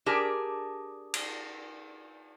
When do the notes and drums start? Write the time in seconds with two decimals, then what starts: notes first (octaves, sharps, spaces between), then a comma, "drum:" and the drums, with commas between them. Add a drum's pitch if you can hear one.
0.06 D4 G4 G#4 A#4 A5
1.14 drum: cymbal